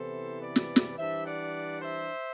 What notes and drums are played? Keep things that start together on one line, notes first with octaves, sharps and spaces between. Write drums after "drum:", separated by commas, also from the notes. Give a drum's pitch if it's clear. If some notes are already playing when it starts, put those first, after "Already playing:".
Already playing: C3 E3 B3 E4 A4 C5
B4 D5
drum: snare
drum: snare
E3 G3 D4 C5 E5
D5 F#5
C5 E5